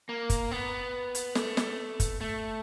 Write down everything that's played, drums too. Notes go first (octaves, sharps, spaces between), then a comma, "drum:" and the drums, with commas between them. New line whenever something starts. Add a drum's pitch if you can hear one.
A#3
drum: kick F#1, hi-hat
B3
drum: hi-hat
A3, drum: snare
drum: snare
drum: kick F#1, hi-hat
A3